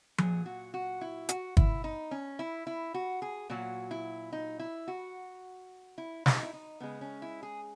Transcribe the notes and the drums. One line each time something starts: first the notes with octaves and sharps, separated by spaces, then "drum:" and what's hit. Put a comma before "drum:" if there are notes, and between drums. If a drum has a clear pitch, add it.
A#2 F#3 G#4, drum: tom F3
F#4
F#4
E4
F#4, drum: hi-hat
E4, drum: kick
D#4
C#4
E4
E4
F#4
G#4
A#2 F#3 F#4
E4
D#4
E4
F#4
E4
D#4, drum: snare
E4
D#4
C#3 G#3 B3
C#4
E4
G#4